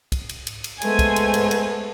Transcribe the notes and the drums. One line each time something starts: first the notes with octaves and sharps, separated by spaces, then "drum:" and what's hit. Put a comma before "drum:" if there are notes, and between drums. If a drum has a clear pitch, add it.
drum: kick, cymbal
drum: cymbal
drum: cymbal
drum: cymbal
G#3 A3 B3 C5 G#5, drum: cymbal
drum: kick, cymbal
drum: cymbal
drum: cymbal
drum: cymbal